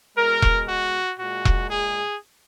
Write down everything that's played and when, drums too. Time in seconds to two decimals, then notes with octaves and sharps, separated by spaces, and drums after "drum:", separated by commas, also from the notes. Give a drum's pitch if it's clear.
0.16 B2 G#3 A#4
0.42 drum: kick E1
0.68 F#4
1.19 A#2 G#3 F#4
1.45 drum: kick E1
1.70 G#4